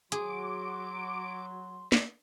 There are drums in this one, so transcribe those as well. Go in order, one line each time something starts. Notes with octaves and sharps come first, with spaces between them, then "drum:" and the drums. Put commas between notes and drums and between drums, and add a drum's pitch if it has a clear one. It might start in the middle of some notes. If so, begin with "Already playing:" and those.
F#3 G#4 C6 D6, drum: hi-hat
drum: snare